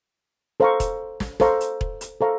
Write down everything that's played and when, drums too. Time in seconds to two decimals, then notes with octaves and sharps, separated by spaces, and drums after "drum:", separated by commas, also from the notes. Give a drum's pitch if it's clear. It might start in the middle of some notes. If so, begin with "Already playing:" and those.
0.60 A4 C5 F5 A#5 C#6
0.80 drum: kick E1, hi-hat
1.20 drum: snare
1.40 A4 C5 F5 A#5 C#6, drum: snare
1.61 drum: hi-hat
1.81 drum: kick E1
2.01 drum: hi-hat
2.21 A4 C5 F5 A#5 C#6